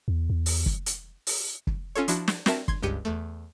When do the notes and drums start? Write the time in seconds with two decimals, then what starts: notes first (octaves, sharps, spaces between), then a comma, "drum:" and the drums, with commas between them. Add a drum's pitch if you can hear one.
0.08 E2
0.30 E2
0.46 drum: open hi-hat
0.66 drum: kick
0.86 drum: hi-hat
1.27 drum: open hi-hat
1.67 drum: kick
1.95 C#4 F4 A4 C#5
2.08 F3 D4 E4 F#4, drum: hi-hat
2.28 drum: snare
2.46 C4 F#4 A#4 E5 A5, drum: snare
2.68 C6 G#6, drum: kick
2.83 C#2 G2 G4 C#7 D#7
3.05 E2 A3